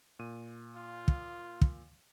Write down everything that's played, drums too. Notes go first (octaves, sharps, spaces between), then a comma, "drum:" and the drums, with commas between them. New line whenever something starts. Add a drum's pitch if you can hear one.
A#2 D#7
F4
drum: kick
drum: kick